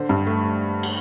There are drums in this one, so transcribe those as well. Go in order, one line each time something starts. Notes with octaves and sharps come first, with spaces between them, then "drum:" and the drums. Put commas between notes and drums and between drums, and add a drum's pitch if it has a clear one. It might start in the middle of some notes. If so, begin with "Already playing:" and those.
Already playing: D3 C5
G2
A3
drum: cymbal